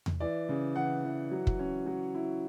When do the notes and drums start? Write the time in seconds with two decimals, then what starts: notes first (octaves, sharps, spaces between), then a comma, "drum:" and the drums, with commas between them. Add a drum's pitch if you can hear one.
0.06 drum: tom E2
0.20 E3 D5
0.49 C#3
0.76 E3 F#5
1.04 E3
1.32 F#3
1.47 drum: kick
1.59 C#4
1.86 F#3
2.15 E4